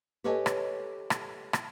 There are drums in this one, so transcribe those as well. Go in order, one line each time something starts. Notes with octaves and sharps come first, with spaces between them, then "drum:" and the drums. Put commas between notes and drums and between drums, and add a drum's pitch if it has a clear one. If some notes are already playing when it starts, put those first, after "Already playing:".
G4 A4 B4 C#5 D#5 G#5
drum: rim click
drum: rim click
drum: rim click